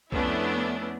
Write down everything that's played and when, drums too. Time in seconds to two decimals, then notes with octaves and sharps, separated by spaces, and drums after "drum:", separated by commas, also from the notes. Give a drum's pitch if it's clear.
0.12 F2 A3 B3 C#4 D4 E4, drum: kick C2